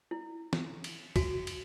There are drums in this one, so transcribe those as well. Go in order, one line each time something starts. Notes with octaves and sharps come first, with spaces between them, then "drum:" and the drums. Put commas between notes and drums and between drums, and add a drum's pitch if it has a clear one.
E4
drum: snare
drum: cymbal
F#4, drum: kick, cymbal
drum: cymbal